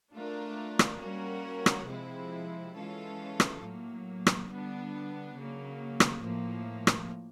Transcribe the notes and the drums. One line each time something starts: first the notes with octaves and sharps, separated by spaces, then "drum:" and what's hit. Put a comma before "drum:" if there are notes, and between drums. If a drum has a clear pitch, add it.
A3 D4 F4 A#4
drum: rim click
G3 A#3 C#4 F#4 A#4
drum: rim click
C3 F3 G#3 C4 E4
E3 G#3 C#4 F4 A4
drum: rim click
A2 F#3 A#3
drum: rim click
D3 G3 B3 D4
C#3 F#3 A#3
drum: rim click
A2 F3 A#3
drum: rim click